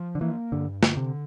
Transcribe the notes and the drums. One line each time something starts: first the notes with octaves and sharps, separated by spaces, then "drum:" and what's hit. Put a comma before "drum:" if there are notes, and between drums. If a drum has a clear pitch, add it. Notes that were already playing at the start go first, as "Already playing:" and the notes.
Already playing: F3
D3
E3 A#3
G2 D3
D3, drum: snare
C3